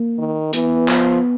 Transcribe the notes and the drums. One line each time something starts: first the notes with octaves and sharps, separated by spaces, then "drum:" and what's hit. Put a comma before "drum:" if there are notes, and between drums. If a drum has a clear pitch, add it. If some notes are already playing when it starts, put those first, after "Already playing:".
Already playing: A#3
D#3
E3 B3, drum: hi-hat
F3, drum: clap